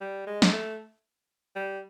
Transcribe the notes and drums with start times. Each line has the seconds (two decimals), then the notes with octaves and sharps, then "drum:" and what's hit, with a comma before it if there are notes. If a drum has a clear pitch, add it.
0.01 G3
0.27 G#3
0.42 drum: snare
0.53 A3
1.56 G3